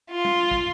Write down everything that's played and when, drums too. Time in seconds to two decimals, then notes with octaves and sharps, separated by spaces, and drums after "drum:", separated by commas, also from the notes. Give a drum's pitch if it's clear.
0.11 F4
0.25 drum: tom
0.51 drum: kick